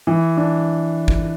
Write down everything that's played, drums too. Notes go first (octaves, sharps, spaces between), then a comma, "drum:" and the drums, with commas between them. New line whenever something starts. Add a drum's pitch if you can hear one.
E3
D4
drum: kick